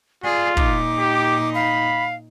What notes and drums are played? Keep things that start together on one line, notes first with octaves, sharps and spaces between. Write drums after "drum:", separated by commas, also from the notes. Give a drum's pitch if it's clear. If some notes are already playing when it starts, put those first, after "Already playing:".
F4 G#4 D5
A#2 D#4 D6, drum: kick
G4
F5 B5